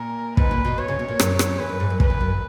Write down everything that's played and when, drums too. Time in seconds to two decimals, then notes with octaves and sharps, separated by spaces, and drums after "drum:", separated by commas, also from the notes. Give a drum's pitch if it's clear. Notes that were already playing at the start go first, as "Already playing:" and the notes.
Already playing: A#2 A#4
0.37 G#2 B4, drum: kick
0.51 A#2
0.65 B2
0.78 B2 C#5
0.88 C#3
0.99 B2
1.08 A#2
1.19 F#2, drum: rim click
1.39 drum: rim click
1.59 E2 B4
1.69 F#2
1.80 G#2
1.90 F#2
2.00 E2 B4, drum: kick
2.10 E2
2.21 F#2